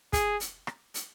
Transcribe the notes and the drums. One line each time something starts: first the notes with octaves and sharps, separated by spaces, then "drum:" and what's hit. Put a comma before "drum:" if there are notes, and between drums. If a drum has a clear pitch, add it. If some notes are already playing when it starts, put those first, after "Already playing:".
G#4, drum: kick, hi-hat
drum: hi-hat
drum: rim click
drum: hi-hat